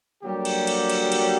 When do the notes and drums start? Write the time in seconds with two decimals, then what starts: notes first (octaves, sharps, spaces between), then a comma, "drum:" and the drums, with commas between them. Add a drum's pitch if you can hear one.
0.22 D3 F#3 G3 A#3 G4
0.45 drum: cymbal
0.67 drum: cymbal
0.89 drum: cymbal
1.12 drum: cymbal